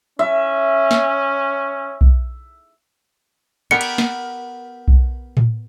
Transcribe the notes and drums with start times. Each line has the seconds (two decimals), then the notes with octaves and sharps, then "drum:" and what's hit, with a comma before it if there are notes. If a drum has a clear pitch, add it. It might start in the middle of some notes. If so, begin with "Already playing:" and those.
0.19 C#4 E5
0.91 drum: snare
2.01 drum: kick B1
3.71 B3 G4 A#4 C#7
3.81 drum: cymbal
3.98 drum: snare
4.88 drum: kick B1
5.37 drum: tom A2